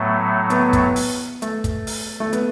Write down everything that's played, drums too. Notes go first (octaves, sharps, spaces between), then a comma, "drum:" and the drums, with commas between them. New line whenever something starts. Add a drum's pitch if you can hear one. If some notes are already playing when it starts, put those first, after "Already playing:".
Already playing: A2 F#3 A3 B3
B3, drum: hi-hat
drum: kick, hi-hat
drum: open hi-hat
A3, drum: hi-hat
drum: kick, hi-hat
drum: open hi-hat
A3
B3, drum: hi-hat